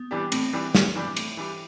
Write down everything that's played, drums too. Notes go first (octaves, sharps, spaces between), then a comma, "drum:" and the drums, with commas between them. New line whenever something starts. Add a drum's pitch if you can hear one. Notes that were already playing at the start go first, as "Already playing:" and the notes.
Already playing: B3
E3 G3 D4 G4
A2 C4, drum: cymbal
E3 G3 D4 G4
A2, drum: snare
E3 G3 D4 G4
A2, drum: cymbal
E3 G3 D4 G4